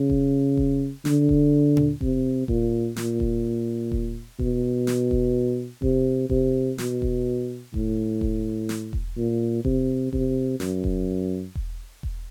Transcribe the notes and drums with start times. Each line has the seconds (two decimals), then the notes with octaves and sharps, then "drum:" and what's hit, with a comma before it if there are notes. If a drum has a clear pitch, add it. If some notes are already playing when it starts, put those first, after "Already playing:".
Already playing: C#3
0.10 drum: kick E1
0.57 drum: kick E1
1.05 D3, drum: snare
1.29 drum: kick E1
1.77 drum: tom A#2
2.01 C3, drum: kick E1
2.48 A#2, drum: kick E1
2.96 A#2, drum: snare
3.20 drum: kick E1
3.92 drum: kick E1
4.39 B2, drum: kick E1
4.87 drum: snare
5.11 drum: kick E1
5.82 C3, drum: kick E1
6.30 C3, drum: kick E1
6.78 B2, drum: snare
7.02 drum: kick E1
7.74 A2, drum: kick E1
8.21 drum: kick E1
8.69 drum: snare
8.93 drum: kick E1
9.17 A#2
9.65 C3, drum: kick E1
10.13 C3, drum: kick E1
10.60 F#2, drum: snare
10.84 drum: kick E1
11.55 drum: kick E1
12.03 drum: kick E1